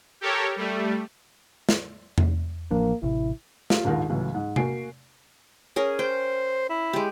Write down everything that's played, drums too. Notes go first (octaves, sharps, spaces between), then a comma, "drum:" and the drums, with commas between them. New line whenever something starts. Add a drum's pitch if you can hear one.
G4 A4 A#4 C#5
G3 A3
drum: snare
drum: tom E2
A1 F3 A#3 D4
A1 C3 E4
A3 F4 G4, drum: snare
A#1 D#2 G#2 D#3 F4 A#4
C#2 A2 E3 F#3
G#2
A#3 F#4 G#5 C7 D7, drum: tom C3
C#4 G#4 A#4
C5 G5
E4
G#3 G4